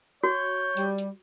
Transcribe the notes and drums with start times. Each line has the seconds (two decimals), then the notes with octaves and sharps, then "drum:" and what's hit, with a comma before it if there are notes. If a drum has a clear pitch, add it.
0.24 F#4 C#5 G6
0.77 G3, drum: tambourine
0.98 drum: tambourine